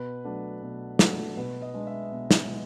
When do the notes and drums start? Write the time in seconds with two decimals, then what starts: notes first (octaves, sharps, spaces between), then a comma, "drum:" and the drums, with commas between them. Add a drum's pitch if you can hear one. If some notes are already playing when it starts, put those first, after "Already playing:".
Already playing: B2 B4
0.24 F#3 A3 D4
0.62 B2
0.99 F#3 A3 D4, drum: snare
1.37 B2 B4
1.62 D#5
1.74 G#3 B3 D4
1.87 E5
2.12 B2
2.31 drum: snare
2.49 G#3 B3